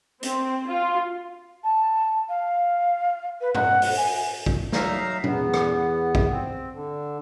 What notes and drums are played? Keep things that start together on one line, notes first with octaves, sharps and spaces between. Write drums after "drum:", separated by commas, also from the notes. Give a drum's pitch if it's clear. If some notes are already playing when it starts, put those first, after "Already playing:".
C4, drum: hi-hat
F4
A5
F5
B4
F#5, drum: tom A2
drum: open hi-hat
G#5
drum: kick
F#3 D#4 E5 F5 A#5, drum: snare
E2 B3, drum: tom A#2
drum: rim click
drum: kick
C4
D3